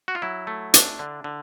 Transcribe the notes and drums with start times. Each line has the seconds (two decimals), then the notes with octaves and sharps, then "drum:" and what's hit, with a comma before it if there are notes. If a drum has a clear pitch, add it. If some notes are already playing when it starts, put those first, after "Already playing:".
0.08 F#4
0.15 F4
0.22 F#3 E4
0.47 A3
0.74 D4, drum: hi-hat
0.99 D3
1.24 D3